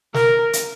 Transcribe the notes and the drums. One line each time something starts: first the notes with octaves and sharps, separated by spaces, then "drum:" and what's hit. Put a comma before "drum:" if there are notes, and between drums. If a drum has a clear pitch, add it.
A#4, drum: snare
drum: hi-hat